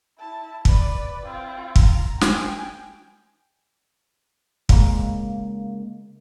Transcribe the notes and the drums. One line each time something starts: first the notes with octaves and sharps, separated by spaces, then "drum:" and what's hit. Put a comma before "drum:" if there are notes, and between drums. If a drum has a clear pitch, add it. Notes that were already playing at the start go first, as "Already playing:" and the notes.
E4 A5
B4 D5 B5, drum: kick
C4 F4
A#5, drum: kick
G5 G#5, drum: snare
C#3 G#3 A#3, drum: kick